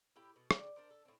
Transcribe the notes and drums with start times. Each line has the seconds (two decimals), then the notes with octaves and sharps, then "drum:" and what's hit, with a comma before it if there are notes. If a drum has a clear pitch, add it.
0.16 A2 E4 G4 G5
0.36 B2
0.51 C#3 D5 G5, drum: rim click
0.76 D4 A#4 C5
0.91 A4
1.05 A2 C4